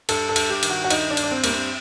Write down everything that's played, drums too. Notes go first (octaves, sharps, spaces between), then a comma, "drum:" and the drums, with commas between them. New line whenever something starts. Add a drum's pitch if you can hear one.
G2 A4, drum: cymbal
A4
G2, drum: cymbal
G4
D#3, drum: cymbal
F#4
F#4
G2 D#4, drum: cymbal
D4
G2, drum: cymbal
D4
C4
G2 A#3, drum: cymbal
C4